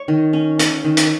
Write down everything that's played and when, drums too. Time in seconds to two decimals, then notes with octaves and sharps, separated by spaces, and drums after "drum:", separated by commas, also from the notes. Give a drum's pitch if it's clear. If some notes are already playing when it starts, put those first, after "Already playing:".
Already playing: C#5
0.08 D#3
0.33 C#4
0.59 C#4, drum: hi-hat
0.84 D#3
0.97 drum: hi-hat